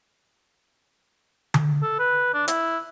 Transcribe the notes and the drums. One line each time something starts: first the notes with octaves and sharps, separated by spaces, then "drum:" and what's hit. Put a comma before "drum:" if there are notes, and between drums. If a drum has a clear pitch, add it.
drum: tom D3
A4
B4
D4
E4, drum: hi-hat